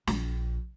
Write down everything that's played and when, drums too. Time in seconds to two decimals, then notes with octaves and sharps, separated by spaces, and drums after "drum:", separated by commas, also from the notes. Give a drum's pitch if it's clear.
0.07 A#1, drum: snare